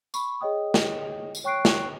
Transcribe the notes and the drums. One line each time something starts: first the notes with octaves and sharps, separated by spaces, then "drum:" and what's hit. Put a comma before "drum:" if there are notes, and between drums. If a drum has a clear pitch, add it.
B5 C#6, drum: tambourine
G#4 C#5 D#5 G5 D#6
drum: snare
drum: tambourine
C#5 G5 C#6 F#6 C7 D7
drum: snare